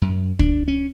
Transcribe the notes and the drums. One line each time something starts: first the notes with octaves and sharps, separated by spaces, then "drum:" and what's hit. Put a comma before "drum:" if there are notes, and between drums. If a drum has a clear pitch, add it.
F#2
D4, drum: kick
C#4